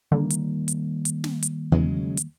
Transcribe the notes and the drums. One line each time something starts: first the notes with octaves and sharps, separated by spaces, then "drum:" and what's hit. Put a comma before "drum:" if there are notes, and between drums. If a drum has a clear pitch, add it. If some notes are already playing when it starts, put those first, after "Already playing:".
D3 D#3 G3 A#3
drum: hi-hat
drum: hi-hat
drum: hi-hat
drum: snare
drum: hi-hat
E2 C#3 F#3 G#3
drum: hi-hat